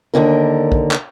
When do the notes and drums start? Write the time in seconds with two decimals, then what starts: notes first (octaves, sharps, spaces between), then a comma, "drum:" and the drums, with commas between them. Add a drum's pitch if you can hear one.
0.14 D#2 A#2 D3 A#4
0.72 drum: kick
0.91 drum: clap